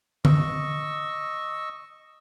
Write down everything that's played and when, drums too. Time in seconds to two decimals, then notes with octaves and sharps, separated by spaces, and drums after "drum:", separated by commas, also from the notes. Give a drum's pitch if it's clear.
0.25 D#5 C#6 E6, drum: tom D3